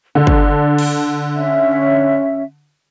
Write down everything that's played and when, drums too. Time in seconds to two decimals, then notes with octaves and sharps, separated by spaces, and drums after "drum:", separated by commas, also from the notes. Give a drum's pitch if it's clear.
0.15 D3 D4
0.27 drum: kick
0.78 drum: cymbal
1.35 C#4 E5